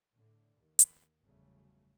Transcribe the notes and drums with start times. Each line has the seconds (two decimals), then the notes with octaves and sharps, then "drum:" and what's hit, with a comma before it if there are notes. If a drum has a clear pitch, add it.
0.13 A2 D3
0.58 D#2
0.79 drum: hi-hat
1.24 G1 E2 C#3 F#3 A3